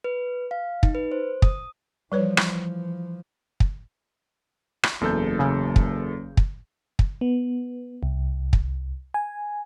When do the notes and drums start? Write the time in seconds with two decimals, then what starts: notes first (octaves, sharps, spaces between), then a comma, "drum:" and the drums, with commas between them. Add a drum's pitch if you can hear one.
0.04 B4
0.51 F5
0.83 D#4, drum: kick
0.95 B4
1.12 C5
1.42 D#6, drum: kick
2.12 E3 F3 G3 B4 C#5
2.37 drum: rim click
3.60 drum: kick
4.83 drum: rim click
5.01 F#1 E2 A4 G6
5.39 C#3
5.76 drum: kick
6.37 drum: kick
6.99 drum: kick
7.21 B3
8.03 C2
8.53 drum: kick
9.14 G#5